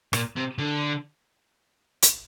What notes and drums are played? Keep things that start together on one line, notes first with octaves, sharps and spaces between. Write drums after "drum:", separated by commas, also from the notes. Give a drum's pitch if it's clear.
A#2, drum: rim click
C3
D3
drum: hi-hat